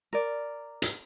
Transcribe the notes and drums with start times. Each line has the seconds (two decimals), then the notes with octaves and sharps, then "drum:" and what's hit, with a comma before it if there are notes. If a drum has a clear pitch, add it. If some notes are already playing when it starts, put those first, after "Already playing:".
0.13 A#4 D5
0.82 drum: hi-hat